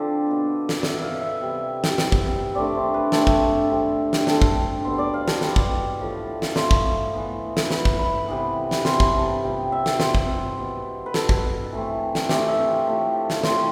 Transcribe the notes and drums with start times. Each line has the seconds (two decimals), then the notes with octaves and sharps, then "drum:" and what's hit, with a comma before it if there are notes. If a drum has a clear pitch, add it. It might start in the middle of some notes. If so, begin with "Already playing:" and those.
Already playing: D3 F3 C4 A4 C5 D5
0.27 B2 B3
0.69 drum: snare
0.83 B2 B3 E5, drum: snare
1.03 F5
1.21 E5
1.41 C3 G3 B3
1.84 drum: snare
1.98 C3 G3 B3, drum: snare
2.12 drum: kick
2.55 D3 A3 C4 D5
2.75 C5
2.94 B4
3.12 D3 A3 C4 A4, drum: snare
3.27 drum: kick
3.69 D3 G3 C4
4.13 drum: snare
4.27 D3 G3 C4 A4, drum: snare
4.42 drum: kick
4.84 B2 G3 B3 C5
4.98 D5
5.14 F5
5.28 A5, drum: snare
5.41 B2 G3 B3 A5, drum: snare
5.56 drum: kick
5.99 A2 F3 A3
6.42 drum: snare
6.56 A2 F3 A3 C6, drum: snare
6.71 drum: kick
7.13 E3 B3
7.57 drum: snare
7.71 E3 B3 B5, drum: snare
7.85 drum: kick
7.99 B5
8.28 C3 E3 B3
8.71 drum: snare
8.85 C3 E3 B3 C6, drum: snare
9.00 B5, drum: kick
9.18 A5
9.29 G5
9.42 C3 F3 B3 G5
9.72 E5
9.86 drum: snare
10.00 C3 F3 B3 C5, drum: snare
10.15 drum: kick
10.58 B2 B3
11.06 B4
11.14 B2 B3 A4, drum: snare
11.29 drum: kick
11.72 E3 A3 C4
12.15 drum: snare
12.29 E3 A3 C4 G4, drum: snare
12.48 E5
12.68 F5
12.87 A2 F3 A3 C4
13.30 drum: snare
13.44 A2 F3 A3 C4 C6, drum: snare